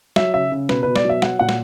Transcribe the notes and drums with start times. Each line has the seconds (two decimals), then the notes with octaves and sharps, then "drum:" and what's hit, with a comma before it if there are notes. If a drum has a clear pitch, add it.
0.16 F#3 E5, drum: snare
0.34 C#3 E5
0.52 C#3
0.69 B2 B4, drum: snare
0.83 B2 B4
0.96 D5, drum: snare
1.05 F#3 E5
1.22 F#3 F#5, drum: snare
1.39 A#2 F#5
1.49 drum: snare